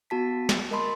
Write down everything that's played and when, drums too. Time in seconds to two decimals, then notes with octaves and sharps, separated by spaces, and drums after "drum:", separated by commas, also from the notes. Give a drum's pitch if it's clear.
0.10 B3 F#4 A5 B6
0.49 drum: snare
0.71 A#4 D#5 A5 B5 C6